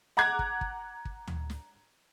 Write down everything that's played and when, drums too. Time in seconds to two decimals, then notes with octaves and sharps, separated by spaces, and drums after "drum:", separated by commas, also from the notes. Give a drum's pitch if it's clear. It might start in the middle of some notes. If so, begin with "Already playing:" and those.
0.17 F#5 A#5 D6 F#6 G#6
0.39 drum: kick
0.61 drum: kick
1.05 drum: kick
1.27 drum: tom
1.50 drum: snare